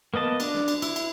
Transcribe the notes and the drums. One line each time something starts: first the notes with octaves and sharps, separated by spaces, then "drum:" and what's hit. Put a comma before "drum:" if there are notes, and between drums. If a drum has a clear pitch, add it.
A#3 B3 D#5 A5
D4, drum: cymbal
drum: snare
drum: cymbal
E4, drum: cymbal
drum: cymbal